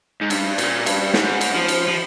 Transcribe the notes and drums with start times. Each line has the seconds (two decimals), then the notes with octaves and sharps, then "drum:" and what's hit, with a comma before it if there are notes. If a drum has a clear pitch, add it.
0.21 G#2
0.30 G2, drum: cymbal
0.58 A#2, drum: cymbal
0.86 G2, drum: cymbal
1.14 G#2, drum: snare
1.41 drum: cymbal
1.55 F3
1.68 drum: cymbal
1.88 F3